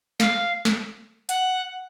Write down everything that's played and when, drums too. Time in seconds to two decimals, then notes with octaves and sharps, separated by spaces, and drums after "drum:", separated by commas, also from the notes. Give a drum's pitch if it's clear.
0.20 F5, drum: snare
0.65 drum: snare
1.29 F#5, drum: hi-hat